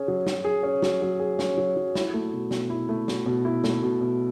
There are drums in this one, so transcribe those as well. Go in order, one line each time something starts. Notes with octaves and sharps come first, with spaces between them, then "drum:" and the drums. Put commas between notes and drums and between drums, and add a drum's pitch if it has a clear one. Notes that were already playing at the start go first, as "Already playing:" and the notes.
Already playing: C#4 G#4
F#3
F#3, drum: snare
G#4
C#4
F#3, drum: snare
F#3
G#4
C#4, drum: snare
F#3
F#3
E4, drum: snare
A3
B2
B2, drum: snare
E4
A3
B2, drum: snare
B2
E4
A3, drum: snare
B2
B2